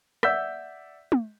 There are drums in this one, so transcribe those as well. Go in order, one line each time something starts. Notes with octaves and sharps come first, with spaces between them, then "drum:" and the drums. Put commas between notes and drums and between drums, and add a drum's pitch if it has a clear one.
D5 E5 F#5 E6 G6 B6, drum: rim click
drum: tom